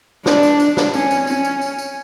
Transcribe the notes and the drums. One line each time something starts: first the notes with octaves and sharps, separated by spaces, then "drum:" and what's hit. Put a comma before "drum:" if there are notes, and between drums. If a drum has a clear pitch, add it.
D4, drum: snare
drum: tambourine
drum: tambourine
drum: snare
C#4, drum: tambourine
drum: tambourine
C#4, drum: tambourine
drum: tambourine
drum: tambourine
drum: tambourine